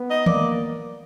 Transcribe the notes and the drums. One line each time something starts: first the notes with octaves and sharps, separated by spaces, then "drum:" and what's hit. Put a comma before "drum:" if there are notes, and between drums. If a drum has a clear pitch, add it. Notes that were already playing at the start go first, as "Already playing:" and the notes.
Already playing: B3
D#5
A#3 D5, drum: tom D#3